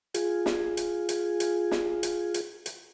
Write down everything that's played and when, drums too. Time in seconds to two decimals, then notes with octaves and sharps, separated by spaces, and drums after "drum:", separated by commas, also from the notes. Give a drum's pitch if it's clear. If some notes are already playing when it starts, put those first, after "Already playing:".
0.14 F4 G#4, drum: hi-hat
0.46 drum: snare
0.77 drum: hi-hat
1.09 drum: hi-hat
1.40 drum: hi-hat
1.71 drum: snare
2.03 drum: hi-hat
2.34 drum: hi-hat
2.66 drum: hi-hat